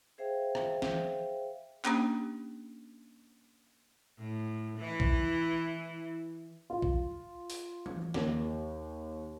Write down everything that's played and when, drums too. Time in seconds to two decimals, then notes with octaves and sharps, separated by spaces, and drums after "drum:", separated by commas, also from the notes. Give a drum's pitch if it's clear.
0.18 G#4 C5 E5 F5 G5
0.55 drum: rim click
0.82 drum: snare
1.85 A#3 C#4 D4 G4, drum: clap
4.18 A2
4.79 E3 E4
5.00 drum: kick
6.70 F4
6.82 drum: kick
7.50 drum: open hi-hat
7.86 drum: tom E3
8.14 D#2, drum: snare